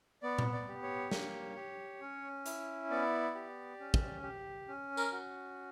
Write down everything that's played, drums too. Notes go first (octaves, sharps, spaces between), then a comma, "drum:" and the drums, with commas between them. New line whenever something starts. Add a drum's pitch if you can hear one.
B3 D5
drum: tom A#2
D5
G4
C#5
A#3, drum: snare
G4
C#4
E4, drum: hi-hat
B3 D5
G4
C#4
drum: kick
G4
C#4
A#4, drum: tambourine
F#4